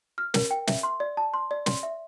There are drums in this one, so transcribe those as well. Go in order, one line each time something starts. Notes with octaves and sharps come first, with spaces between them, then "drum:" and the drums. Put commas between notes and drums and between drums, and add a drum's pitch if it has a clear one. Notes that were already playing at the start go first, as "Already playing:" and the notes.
F6
A#4, drum: snare
G5
E5, drum: snare
C6
D5
A5
C6
D5
C6, drum: snare
E5